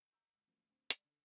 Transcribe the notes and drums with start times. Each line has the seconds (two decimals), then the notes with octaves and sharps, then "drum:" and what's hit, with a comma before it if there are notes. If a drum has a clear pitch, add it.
0.11 A#5 E6 G6
0.34 C#2
0.47 A2 F3 F#3 A#3 C#4
0.68 D2 D3 C4
0.91 G#3 D5, drum: hi-hat
1.05 D3 A4